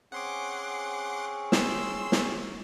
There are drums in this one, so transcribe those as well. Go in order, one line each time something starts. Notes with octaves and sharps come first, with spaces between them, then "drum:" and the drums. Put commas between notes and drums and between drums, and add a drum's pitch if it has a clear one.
C4 C#4 G#4 F#5 C6 D6
C6 E6, drum: snare
drum: snare